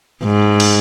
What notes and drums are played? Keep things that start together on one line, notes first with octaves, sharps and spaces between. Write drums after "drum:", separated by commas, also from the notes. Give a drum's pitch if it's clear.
G#2
drum: cymbal